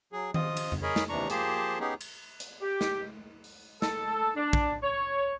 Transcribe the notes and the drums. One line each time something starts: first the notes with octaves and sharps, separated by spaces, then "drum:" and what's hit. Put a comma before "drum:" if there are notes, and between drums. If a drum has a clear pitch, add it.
F#3 G#4
F3 F4 D#5 D#6, drum: tom D#3
drum: cymbal
drum: tom F2
G#4 A#4 C#5 D#5 B5
drum: snare
D#2 C3 E3 D4 A#5 C#6
F3 A#3 G4 G#4 C5 A5, drum: hi-hat
B3 C#4 D#4 G4 G#4
drum: cymbal
drum: hi-hat
G4
drum: snare
drum: open hi-hat
A4, drum: snare
D4
drum: kick
C#5